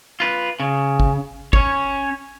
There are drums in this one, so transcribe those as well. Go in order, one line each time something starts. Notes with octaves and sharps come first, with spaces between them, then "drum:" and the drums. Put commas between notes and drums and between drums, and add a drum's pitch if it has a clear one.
F4 B4
C#3
drum: kick G#1
C#4 C#5, drum: kick G#1